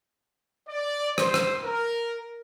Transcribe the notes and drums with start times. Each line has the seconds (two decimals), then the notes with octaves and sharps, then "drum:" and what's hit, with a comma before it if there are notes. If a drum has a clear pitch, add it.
0.68 D5
1.18 C5, drum: rim click
1.34 drum: rim click
1.63 A#4